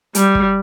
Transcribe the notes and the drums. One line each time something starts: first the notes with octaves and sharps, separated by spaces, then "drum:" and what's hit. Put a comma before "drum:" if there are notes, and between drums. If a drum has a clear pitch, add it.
G3, drum: hi-hat
drum: kick